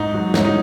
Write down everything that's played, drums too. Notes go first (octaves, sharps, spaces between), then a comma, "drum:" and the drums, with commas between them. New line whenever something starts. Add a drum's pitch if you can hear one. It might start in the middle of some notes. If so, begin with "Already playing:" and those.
Already playing: G#2 D#4
F#3
G#2 C#4, drum: snare
D#4